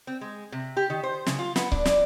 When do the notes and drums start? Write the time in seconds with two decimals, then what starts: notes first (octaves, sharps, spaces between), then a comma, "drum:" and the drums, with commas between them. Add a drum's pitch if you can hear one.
0.07 C4
0.21 G#3
0.52 C3
0.77 G4
0.90 D#3
1.03 C5
1.26 C#3, drum: snare
1.39 F4
1.56 B3, drum: snare
1.72 D4, drum: kick C#1
1.85 D5, drum: snare